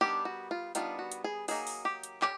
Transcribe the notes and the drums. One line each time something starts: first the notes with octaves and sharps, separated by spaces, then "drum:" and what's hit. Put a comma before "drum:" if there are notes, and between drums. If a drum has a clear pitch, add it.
D#3 G3 B3 D4 G4
F#4
F4
D#3 G3 B3 D4 F4, drum: hi-hat
F#4
drum: hi-hat
G#4
D#3 F#3 A#3 D#4 G#4, drum: open hi-hat
drum: open hi-hat
G4
drum: hi-hat
G4, drum: clap